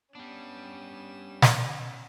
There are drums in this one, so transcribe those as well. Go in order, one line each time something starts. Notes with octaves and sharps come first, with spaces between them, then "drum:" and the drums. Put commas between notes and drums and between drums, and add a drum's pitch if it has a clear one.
G3 B3 C#4 D4 E7
drum: snare